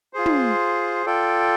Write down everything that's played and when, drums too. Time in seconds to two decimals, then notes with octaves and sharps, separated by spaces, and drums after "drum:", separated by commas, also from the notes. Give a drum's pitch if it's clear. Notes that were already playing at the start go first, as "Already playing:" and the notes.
0.13 F4 G#4 C5
0.26 drum: tom
1.06 F4 A4 D5 G5